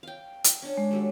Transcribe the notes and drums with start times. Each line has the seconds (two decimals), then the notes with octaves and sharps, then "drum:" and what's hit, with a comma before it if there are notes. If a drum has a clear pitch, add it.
0.03 F5 G5
0.44 drum: hi-hat
0.62 C#4 D4
0.78 G#3
0.91 F#3 G3 A3